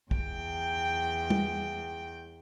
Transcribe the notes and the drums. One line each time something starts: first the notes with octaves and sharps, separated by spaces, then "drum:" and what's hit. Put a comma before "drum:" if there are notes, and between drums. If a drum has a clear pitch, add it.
E2 G5, drum: kick
drum: tom